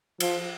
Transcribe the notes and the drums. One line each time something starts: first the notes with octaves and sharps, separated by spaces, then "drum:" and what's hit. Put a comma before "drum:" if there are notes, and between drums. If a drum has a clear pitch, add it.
F3, drum: cymbal